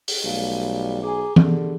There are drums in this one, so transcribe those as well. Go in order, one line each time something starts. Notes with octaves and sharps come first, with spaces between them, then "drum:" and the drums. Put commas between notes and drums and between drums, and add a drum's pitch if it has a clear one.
drum: open hi-hat
B1 G3 A3 F5
G#4 G#5 A#5 D6
D3 G4 G#4, drum: tom E3